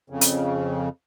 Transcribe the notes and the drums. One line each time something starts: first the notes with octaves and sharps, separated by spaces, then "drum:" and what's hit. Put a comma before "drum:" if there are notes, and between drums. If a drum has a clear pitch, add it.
F2 C#3
drum: hi-hat